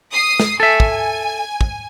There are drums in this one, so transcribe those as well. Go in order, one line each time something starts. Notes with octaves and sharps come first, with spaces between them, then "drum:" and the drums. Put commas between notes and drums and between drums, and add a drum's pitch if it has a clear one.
D#6 C7
drum: snare
A4 E5 G#5
drum: kick
drum: kick